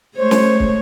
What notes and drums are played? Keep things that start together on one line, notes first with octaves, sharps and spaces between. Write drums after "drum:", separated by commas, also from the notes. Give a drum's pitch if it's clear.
G#3 A3 C5 C#5
drum: snare
drum: kick